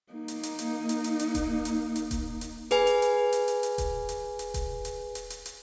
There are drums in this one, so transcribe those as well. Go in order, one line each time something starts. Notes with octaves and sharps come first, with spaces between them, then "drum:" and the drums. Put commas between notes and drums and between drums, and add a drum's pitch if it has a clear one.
A#3 D#4
drum: hi-hat
drum: hi-hat
drum: hi-hat
drum: hi-hat
drum: hi-hat
drum: hi-hat
drum: kick D#1, hi-hat
drum: hi-hat
drum: hi-hat
drum: kick D#1, hi-hat
drum: hi-hat
G#4 B4 G#5, drum: hi-hat
drum: hi-hat
drum: hi-hat
drum: hi-hat
drum: hi-hat
drum: hi-hat
drum: kick D#1, hi-hat
drum: hi-hat
drum: hi-hat
drum: kick D#1, hi-hat
drum: hi-hat
drum: hi-hat
drum: hi-hat
drum: hi-hat